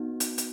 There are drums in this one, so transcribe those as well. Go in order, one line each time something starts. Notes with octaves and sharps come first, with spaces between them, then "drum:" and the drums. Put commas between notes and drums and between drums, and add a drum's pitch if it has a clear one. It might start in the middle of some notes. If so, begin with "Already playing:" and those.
Already playing: B3 D#4 F#4
drum: hi-hat
drum: hi-hat